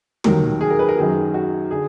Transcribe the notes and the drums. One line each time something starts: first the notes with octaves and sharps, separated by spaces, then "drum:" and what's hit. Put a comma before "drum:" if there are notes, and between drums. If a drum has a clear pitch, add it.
D#2 D#3 F#3 A#4, drum: tom
G#4
A#4
B4
A#4
F#2 D#3 F#3 G#4
F#4
D3 G#4